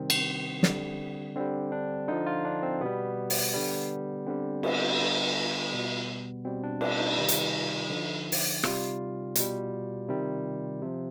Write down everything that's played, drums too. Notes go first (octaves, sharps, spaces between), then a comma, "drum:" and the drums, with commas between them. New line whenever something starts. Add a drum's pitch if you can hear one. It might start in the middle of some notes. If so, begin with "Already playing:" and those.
Already playing: C3 D#3 G3 C4
drum: cymbal
D3 G3, drum: snare
D3 G3 C4
D4
D3 F3 D#4
F4
D4
C4
B2 G3 B3
drum: open hi-hat
D3 G3
D3 G3 C4
B3, drum: cymbal
D3 G3
B2 G3
B2 G3 C4
D4
D4, drum: cymbal
D#4
C3 D#3 G3
drum: hi-hat
D3 F3
drum: open hi-hat
C3 G3 F4, drum: rim click
B2 G3, drum: hi-hat
C3 D#3 G3
C3 F3